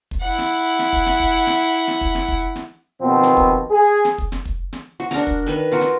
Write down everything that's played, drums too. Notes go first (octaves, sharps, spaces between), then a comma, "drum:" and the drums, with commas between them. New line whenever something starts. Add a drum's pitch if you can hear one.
drum: kick
E4 F#5
drum: snare
drum: snare
drum: kick
drum: snare
drum: kick
drum: snare
drum: snare
drum: kick
drum: snare
drum: kick
drum: snare
D#2 B2 F3 B3 C4
drum: snare
drum: kick
G#4
drum: snare
drum: kick
drum: snare
drum: kick
drum: snare
F#4
D4 A#4 F#5 A#5, drum: snare
drum: kick
D#3 B4
F4 F#4 A#4
drum: snare